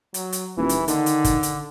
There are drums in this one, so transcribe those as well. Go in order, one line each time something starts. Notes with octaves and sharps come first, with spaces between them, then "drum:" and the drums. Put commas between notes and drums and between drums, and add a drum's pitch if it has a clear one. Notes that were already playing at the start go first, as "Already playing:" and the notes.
F#3, drum: hi-hat
drum: hi-hat
D#1 E3
drum: hi-hat
D3 D#3, drum: hi-hat
drum: hi-hat
drum: kick, hi-hat
drum: hi-hat